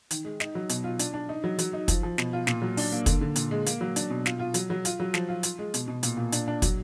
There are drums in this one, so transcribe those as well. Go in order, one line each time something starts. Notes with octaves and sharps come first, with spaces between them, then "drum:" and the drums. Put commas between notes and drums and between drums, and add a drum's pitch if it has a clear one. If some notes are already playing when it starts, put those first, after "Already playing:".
D#3, drum: hi-hat
G#3
D#4, drum: snare
F#3
B2, drum: hi-hat
F4
D4, drum: hi-hat
D4
D#4
F#3
F#3, drum: hi-hat
D#4
F3, drum: kick, hi-hat
F3
B2, drum: snare
F4
A#2, drum: snare
F#3
D4, drum: open hi-hat
A#3
D3, drum: kick, hi-hat
D3
A#2, drum: hi-hat
G#3
A#3, drum: hi-hat
F#3
D4, drum: hi-hat
B2
F4, drum: snare
F4
F#3, drum: hi-hat
F#3
F4, drum: hi-hat
F#3
F3, drum: snare
F4
F4, drum: hi-hat
G#3
B2, drum: hi-hat
B2
A#2, drum: hi-hat
A#2
D4, drum: hi-hat
D4
F#3, drum: kick, hi-hat